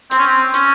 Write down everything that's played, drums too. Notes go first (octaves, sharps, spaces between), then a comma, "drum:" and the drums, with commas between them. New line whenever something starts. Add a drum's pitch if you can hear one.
C4, drum: hi-hat
C#4
C4
C#4, drum: hi-hat